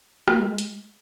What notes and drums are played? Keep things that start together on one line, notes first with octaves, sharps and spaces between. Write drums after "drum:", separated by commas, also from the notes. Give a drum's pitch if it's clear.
A#3, drum: rim click
G#3
G#3
drum: hi-hat